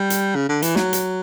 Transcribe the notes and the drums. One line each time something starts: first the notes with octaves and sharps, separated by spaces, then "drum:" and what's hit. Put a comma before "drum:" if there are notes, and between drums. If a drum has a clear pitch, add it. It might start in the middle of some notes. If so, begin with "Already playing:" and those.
Already playing: G3
drum: hi-hat
C#3
D3
E3, drum: hi-hat
F#3, drum: snare
drum: hi-hat